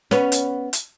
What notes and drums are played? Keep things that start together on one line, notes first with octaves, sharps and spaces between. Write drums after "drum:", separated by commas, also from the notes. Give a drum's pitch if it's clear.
B3 C#4, drum: snare
drum: hi-hat
drum: hi-hat